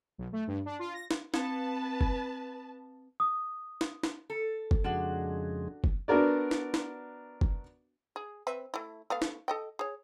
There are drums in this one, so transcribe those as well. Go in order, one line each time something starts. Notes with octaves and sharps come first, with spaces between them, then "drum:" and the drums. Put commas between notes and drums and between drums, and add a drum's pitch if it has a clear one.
B1
A3
G2
D4
F4
A#6
drum: snare
C4 B4 A5, drum: snare
drum: kick
D#6
drum: snare
drum: snare
A4
drum: kick
F2 C#3 G#3 D4 F#4
drum: kick
B3 D4 F#4 A#4 D5
drum: snare
drum: snare
drum: kick
G#4
C4 B4 E5
A3 E4
A3 B3 F5
drum: snare
A4 D#5 G5
G#4 C#5